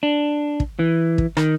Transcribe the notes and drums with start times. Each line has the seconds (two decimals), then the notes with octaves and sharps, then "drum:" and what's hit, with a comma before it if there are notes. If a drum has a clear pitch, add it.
0.03 D4
0.60 drum: kick
0.79 E3
1.18 drum: kick
1.37 D#3, drum: rim click